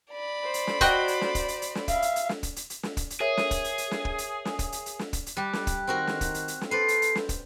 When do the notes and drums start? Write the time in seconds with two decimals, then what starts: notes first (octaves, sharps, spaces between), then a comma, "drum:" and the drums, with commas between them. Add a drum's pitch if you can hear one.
0.11 D5 B5
0.44 C5
0.54 drum: hi-hat
0.67 drum: snare
0.81 F#4 D#5 G5, drum: kick, hi-hat
1.08 drum: hi-hat
1.21 drum: snare
1.35 drum: kick, hi-hat
1.48 drum: hi-hat
1.62 drum: hi-hat
1.75 drum: snare
1.88 E5 F5, drum: kick, hi-hat
2.02 drum: hi-hat
2.16 drum: hi-hat
2.29 drum: snare
2.43 drum: kick, hi-hat
2.56 drum: hi-hat
2.70 drum: hi-hat
2.83 drum: snare
2.97 drum: kick, hi-hat
3.10 drum: hi-hat
3.20 G#4 A#4 C#5 E5
3.37 drum: snare
3.51 drum: kick, hi-hat
3.64 drum: hi-hat
3.78 drum: hi-hat
3.91 drum: snare
4.05 drum: kick
4.18 drum: hi-hat
4.45 drum: snare
4.59 drum: kick, hi-hat
4.72 drum: hi-hat
4.86 drum: hi-hat
4.99 drum: snare
5.13 drum: kick, hi-hat
5.26 drum: hi-hat
5.37 G3 G4 F#6
5.53 drum: snare
5.67 drum: kick, hi-hat
5.87 D#3 C4 F#4 A#4
6.07 drum: snare
6.21 drum: kick, hi-hat
6.34 drum: hi-hat
6.48 drum: hi-hat
6.61 drum: snare
6.71 A4 B4 C5 D5 C7
6.88 drum: hi-hat
7.02 drum: hi-hat
7.15 drum: snare
7.29 drum: kick, hi-hat